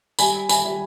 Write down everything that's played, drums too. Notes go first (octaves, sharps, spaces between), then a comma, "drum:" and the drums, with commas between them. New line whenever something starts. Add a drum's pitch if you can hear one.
G3 G#5 B5, drum: tambourine
G#5 B5, drum: tambourine
G3